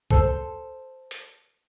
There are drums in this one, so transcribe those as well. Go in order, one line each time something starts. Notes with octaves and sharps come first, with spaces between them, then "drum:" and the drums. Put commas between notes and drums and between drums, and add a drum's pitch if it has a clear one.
A4 C5, drum: kick
drum: hi-hat